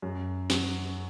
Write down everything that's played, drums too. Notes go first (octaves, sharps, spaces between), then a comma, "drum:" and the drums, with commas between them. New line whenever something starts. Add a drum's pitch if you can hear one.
F#2
F#3, drum: snare